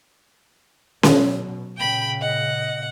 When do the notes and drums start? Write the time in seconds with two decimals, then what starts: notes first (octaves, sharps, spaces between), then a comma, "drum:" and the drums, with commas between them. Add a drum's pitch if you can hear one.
1.03 B2 F#3, drum: snare C#4
1.77 A#2 C#3 G5 B5
2.22 D#5 F#5